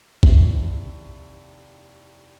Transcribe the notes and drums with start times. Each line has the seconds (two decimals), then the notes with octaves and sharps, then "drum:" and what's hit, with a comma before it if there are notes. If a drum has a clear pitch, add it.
0.23 F1 D#2 E3 E5 C7, drum: kick A1